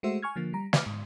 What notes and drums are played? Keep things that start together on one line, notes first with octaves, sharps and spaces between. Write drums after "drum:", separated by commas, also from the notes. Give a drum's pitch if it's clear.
G#3 A3 F#4 C5 E5
G#5 C#6 F6 G#6
D3 F3 A#3
G3 A#5
B4 E5 D6 F6, drum: snare
G#2